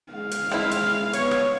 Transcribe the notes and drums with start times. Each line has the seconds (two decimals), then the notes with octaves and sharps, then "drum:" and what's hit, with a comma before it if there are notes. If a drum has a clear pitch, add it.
0.13 G#3 F5
0.31 drum: hi-hat
0.51 G#3 C4 E4, drum: rim click
0.71 drum: hi-hat
1.13 B3 C#5, drum: hi-hat
1.31 drum: rim click